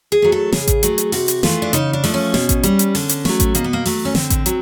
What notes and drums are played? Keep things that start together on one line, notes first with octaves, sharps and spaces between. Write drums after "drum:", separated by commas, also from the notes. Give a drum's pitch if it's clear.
G#4
F#3 A3
A4
C#3 G#4, drum: snare
drum: kick A1, hi-hat
F#3 A3, drum: hi-hat
drum: hi-hat
C3 F#4, drum: open hi-hat
drum: hi-hat
E3 A3 F4, drum: snare
D4
C#3 D#4, drum: hi-hat
D4
F3 A3, drum: open hi-hat
C#4
B2, drum: snare
drum: kick A1, hi-hat
G3, drum: hi-hat
drum: hi-hat
D3, drum: open hi-hat
drum: hi-hat
F#3 A3, drum: snare
drum: kick A1, hi-hat
B2 A#3, drum: hi-hat
B3
A#3
F#3 A3, drum: open hi-hat
C#4
D3 C4, drum: snare
drum: kick A1, hi-hat
F#3, drum: hi-hat